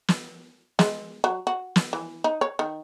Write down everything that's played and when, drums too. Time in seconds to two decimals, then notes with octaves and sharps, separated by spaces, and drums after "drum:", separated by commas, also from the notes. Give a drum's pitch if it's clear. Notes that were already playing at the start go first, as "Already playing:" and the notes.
0.08 drum: snare
0.79 G#3, drum: snare
1.24 F#3
1.47 F#4
1.76 drum: snare
1.93 E3
2.24 D#4
2.41 C#5
2.59 D#3